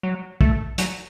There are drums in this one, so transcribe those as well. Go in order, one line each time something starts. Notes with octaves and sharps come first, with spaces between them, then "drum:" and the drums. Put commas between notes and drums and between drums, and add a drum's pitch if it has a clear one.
F#3
A3, drum: kick
F#3, drum: hi-hat